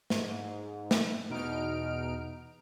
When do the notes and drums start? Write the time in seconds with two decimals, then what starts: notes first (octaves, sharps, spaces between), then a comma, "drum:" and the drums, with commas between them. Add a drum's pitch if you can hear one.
0.10 G#2, drum: snare
0.91 drum: snare
1.29 E2 B2 D#4 F6 D7